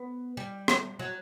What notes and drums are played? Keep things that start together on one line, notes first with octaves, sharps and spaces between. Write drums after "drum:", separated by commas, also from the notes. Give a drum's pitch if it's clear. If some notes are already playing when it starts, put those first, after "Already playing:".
Already playing: B3
G3
drum: rim click
F#3